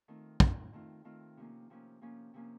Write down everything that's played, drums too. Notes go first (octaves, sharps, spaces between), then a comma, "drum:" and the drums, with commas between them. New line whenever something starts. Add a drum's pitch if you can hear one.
D#3 A3 C4 F4
D#3 A3 C4 F4, drum: kick
D#3 A3 C4 F4
D#3 A3 C4 F4
C3 F3 A#3 C#4
C3 F3 A#3 C#4
C3 F3 A#3 C#4
C3 F3 A#3 C#4